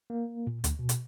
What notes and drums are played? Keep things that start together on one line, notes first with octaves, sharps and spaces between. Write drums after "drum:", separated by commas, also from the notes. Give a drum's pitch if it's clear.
A#3
A#2
D2, drum: hi-hat
B2
drum: hi-hat